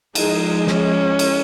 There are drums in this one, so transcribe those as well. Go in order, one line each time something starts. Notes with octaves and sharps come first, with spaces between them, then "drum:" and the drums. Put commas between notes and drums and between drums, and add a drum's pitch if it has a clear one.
F3 G#3 D#4, drum: cymbal
C#4, drum: snare
drum: cymbal